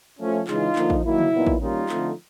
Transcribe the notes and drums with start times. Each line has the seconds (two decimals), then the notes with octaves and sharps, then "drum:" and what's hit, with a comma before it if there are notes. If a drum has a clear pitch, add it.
0.19 F3 A3 C#4
0.47 C#3 E3 G#3 D#4 F4, drum: clap
0.76 D3 F3 A#3, drum: clap
0.90 drum: kick A1
1.04 D#3 F#3 A#3 E4
1.18 drum: tom C#3
1.33 A#2 F#3 B3 D#4
1.47 drum: kick A1
1.61 D#3 G3 A#3 C#4 D#4 F4
1.89 D3 F3 A3 C4, drum: clap